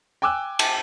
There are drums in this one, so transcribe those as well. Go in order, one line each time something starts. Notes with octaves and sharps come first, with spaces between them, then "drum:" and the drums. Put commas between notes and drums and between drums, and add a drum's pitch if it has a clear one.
G5 G#5 D6 E6 F#6
drum: cymbal